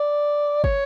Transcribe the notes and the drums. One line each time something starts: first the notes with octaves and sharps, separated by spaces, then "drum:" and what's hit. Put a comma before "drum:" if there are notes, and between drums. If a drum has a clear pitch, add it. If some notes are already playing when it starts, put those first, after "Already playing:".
Already playing: D5
C#5, drum: kick